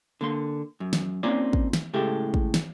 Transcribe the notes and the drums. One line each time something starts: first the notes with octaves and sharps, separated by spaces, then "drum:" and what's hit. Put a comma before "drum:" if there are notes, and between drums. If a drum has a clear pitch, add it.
D3 A#3 C6
F#2
drum: snare
A#3 C4 C#4 D#4 F4 D5
drum: kick
drum: snare
A2 C#3 G#3 G4 A4 E5
drum: kick
drum: snare